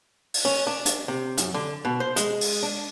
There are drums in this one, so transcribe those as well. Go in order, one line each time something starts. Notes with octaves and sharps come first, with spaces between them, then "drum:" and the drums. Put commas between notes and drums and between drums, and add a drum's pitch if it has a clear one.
drum: open hi-hat
C#4
D4
drum: hi-hat
C3
F#2, drum: hi-hat
D3
B2
C5
G#3, drum: hi-hat
drum: open hi-hat
D4